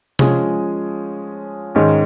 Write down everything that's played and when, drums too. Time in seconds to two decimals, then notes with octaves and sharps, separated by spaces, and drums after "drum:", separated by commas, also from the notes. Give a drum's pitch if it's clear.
0.19 F3 G#3 C#4 G#4, drum: tom C3
1.75 G#2 D#3 G#3 C#4